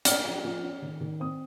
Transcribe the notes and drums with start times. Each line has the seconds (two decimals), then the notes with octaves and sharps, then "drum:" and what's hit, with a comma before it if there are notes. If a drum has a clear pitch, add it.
0.05 C#4 F6, drum: hi-hat
0.25 F3
0.44 F3
0.63 C#4
0.82 D#3
1.01 D#3
1.20 C4 D#6